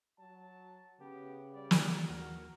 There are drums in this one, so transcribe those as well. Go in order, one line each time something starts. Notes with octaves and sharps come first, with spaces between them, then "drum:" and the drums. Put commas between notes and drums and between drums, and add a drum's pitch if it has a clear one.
F#3 A5
C#3 B3 G4
G3 D5
drum: snare
D#2 E3 F#4 A#4